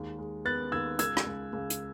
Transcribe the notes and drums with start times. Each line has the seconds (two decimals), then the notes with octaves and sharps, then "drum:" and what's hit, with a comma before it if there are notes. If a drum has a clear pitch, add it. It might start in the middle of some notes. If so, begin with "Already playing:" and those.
Already playing: D#2 G#3
0.19 G#3
0.45 B3 F#6 A6
0.72 D#2 E6 G#6
0.99 C#2 E6 G#6, drum: hi-hat
1.17 drum: rim click
1.26 C#2
1.53 C#2
1.70 drum: hi-hat